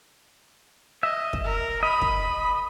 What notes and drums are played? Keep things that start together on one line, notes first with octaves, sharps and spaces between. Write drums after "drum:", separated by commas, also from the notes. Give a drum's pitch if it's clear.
D#5 E5
drum: kick
A#4
D#5 B5
drum: kick